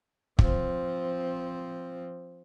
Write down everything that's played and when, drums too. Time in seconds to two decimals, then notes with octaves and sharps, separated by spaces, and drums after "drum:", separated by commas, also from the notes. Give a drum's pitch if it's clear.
0.39 F3 C4, drum: kick